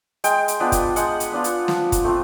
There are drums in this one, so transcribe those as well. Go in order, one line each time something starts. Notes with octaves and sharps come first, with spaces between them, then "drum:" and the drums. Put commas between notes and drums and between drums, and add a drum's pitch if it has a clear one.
G#3 G5, drum: hi-hat
drum: hi-hat
B3 D4 F4
drum: kick, hi-hat
G#3 F#5, drum: hi-hat
drum: hi-hat
B3 D4 F4
drum: hi-hat
F3, drum: snare
drum: kick, hi-hat
A3 C4 F4